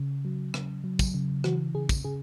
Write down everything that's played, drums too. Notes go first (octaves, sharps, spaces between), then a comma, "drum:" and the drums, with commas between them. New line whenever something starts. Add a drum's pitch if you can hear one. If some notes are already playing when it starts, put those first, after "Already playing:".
Already playing: C#3
F#3
C#3, drum: rim click
F#3
drum: kick, tambourine
C#3
E3 F#4, drum: rim click
C#3 G#4
drum: kick, tambourine
C#3 G#4